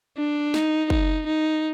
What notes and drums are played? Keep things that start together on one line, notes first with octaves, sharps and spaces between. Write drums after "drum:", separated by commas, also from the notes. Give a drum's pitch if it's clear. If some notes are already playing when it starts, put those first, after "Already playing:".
D4
D#4, drum: snare
D#4, drum: kick
D#4